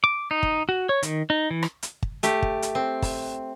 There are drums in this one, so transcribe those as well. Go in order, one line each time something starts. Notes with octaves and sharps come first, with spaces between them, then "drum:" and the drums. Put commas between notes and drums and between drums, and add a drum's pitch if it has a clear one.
D6
D#4
drum: kick
F#4
C#5
D#3, drum: hi-hat
D#4
E3
drum: rim click
drum: hi-hat
drum: kick
A3 G4, drum: hi-hat
drum: kick
drum: hi-hat
C4
drum: kick, open hi-hat